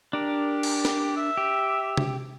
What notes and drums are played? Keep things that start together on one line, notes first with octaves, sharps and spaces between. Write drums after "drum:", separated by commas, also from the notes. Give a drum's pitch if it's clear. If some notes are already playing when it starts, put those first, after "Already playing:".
D4 G4 A#4
drum: cymbal
drum: snare
E5
G4
drum: tom C3